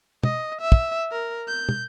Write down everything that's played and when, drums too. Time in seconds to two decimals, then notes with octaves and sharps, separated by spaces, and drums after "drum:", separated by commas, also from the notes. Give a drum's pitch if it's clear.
0.23 D#5, drum: tom
0.61 E5
0.72 drum: kick
1.12 A#4
1.48 G6
1.69 drum: tom